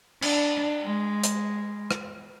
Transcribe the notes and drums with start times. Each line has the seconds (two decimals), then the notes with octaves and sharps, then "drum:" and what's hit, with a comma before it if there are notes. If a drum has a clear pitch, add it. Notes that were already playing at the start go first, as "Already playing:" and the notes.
0.22 D4, drum: cymbal
0.83 G#3
1.23 drum: hi-hat
1.91 drum: rim click